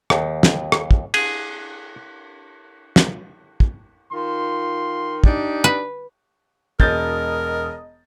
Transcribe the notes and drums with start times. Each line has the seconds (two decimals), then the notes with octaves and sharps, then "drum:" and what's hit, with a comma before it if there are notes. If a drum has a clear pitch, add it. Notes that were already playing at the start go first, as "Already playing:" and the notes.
0.10 D#2, drum: rim click
0.43 drum: snare
0.72 drum: rim click
0.91 drum: kick
1.14 G#4, drum: cymbal
2.96 drum: snare
3.60 drum: kick
4.12 D#3 F4 C6
5.24 D4 D#4 G4, drum: kick
5.64 B4
6.80 E1 A#4 D#5 G6 A6, drum: kick